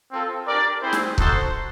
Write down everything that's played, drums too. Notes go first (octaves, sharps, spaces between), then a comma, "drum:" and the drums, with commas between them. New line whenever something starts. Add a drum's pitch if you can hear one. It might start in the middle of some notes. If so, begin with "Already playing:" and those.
C4 F4 A4
D4 G4 A#4 D5
C4 E4 G#4 C5
drum: snare
D#4 F#4 A4 C5, drum: kick C#1